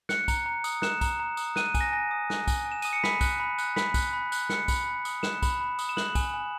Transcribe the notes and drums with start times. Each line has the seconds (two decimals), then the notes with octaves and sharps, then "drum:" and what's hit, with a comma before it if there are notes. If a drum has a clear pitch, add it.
0.09 F#6 C#7, drum: snare
0.28 A#5, drum: kick, tambourine
0.46 A#5
0.64 D#6, drum: tambourine
0.82 F#6 E7, drum: snare
1.01 A#5, drum: kick, tambourine
1.20 A#5
1.37 D#6, drum: tambourine
1.56 F#6 D#7, drum: snare
1.75 G#5, drum: kick, tambourine
1.81 A#6
1.92 G#5 A#6
2.11 D#6
2.30 F#6, drum: snare
2.48 G#5, drum: kick, tambourine
2.66 G#5
2.72 E7
2.82 D#6 D#7, drum: tambourine
2.93 C#7
3.04 B5 B6, drum: snare
3.21 F#6, drum: kick, tambourine
3.40 B5
3.58 F#6, drum: tambourine
3.76 B5 B6, drum: snare
3.94 F#6, drum: kick, tambourine
4.13 B5
4.32 F#6, drum: tambourine
4.49 F#6 C#7, drum: snare
4.68 B5, drum: kick, tambourine
4.86 B5
5.05 D#6, drum: tambourine
5.23 F#6 E7, drum: snare
5.42 B5, drum: kick, tambourine
5.61 B5
5.79 D#6, drum: tambourine
5.89 E7
5.97 F#6 F#7, drum: snare
6.15 G#5, drum: kick, tambourine
6.34 G#5